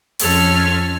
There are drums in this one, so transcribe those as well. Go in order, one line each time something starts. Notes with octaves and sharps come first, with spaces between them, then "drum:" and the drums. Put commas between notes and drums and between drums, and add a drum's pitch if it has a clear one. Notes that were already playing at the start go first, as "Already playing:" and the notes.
F2 C#4 A4 F6 G#6, drum: open hi-hat